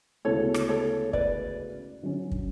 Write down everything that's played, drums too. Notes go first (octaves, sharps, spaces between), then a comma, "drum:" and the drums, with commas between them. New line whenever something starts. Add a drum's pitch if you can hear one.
D2 C#3 G#3 B3 E4 A4 C#5
drum: rim click
A4 C#5
B4 D5, drum: kick
D3 F#3 C#4
drum: kick